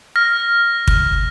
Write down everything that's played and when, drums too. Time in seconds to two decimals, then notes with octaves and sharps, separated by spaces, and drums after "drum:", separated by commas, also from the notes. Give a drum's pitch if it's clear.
0.16 F6 A#6
0.88 drum: kick